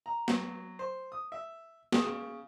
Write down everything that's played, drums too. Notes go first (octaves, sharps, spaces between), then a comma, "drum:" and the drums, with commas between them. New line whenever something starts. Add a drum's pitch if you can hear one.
A#5
F#3, drum: snare
C5
D#6
E5
G#4, drum: snare
C#3